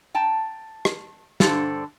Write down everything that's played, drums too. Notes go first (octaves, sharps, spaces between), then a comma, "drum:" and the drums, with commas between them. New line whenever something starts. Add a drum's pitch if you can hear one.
G5 A5 A#5
drum: rim click
G2 D3 A4 C5, drum: snare